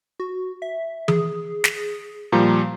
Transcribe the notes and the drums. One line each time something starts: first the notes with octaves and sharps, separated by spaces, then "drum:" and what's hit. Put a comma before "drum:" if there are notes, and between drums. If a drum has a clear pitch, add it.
F#4
E5
G#4, drum: tom E3
drum: snare
A#2 F3 G3 A#5